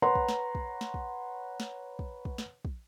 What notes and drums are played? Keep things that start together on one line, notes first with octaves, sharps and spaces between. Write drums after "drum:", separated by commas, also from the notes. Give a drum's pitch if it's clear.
B4 C#5 F#5 A#5 C6
drum: kick
drum: snare
drum: kick
drum: snare
drum: kick
drum: snare
drum: kick
drum: kick
drum: snare
drum: kick